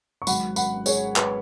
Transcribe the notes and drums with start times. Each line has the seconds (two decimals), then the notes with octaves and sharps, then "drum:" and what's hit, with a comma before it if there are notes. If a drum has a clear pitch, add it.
0.22 C#6
0.27 G#1 G#2 F#3 F#5 B5, drum: tambourine
0.56 F#5 B5, drum: tambourine
0.86 G#4 C#5, drum: tambourine
1.16 B4, drum: clap